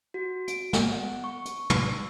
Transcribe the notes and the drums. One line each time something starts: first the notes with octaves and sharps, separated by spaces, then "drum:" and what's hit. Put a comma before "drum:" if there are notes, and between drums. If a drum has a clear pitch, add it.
F#4
D7, drum: hi-hat
B3, drum: snare
F#5
C#6
drum: hi-hat
drum: tom
E6